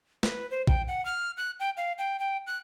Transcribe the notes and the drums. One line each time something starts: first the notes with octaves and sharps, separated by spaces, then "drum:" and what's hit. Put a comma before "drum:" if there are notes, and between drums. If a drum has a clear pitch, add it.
B4, drum: snare
C5
G5, drum: kick
F#5
F6
F#6
G5
F5
G5
G5
F#6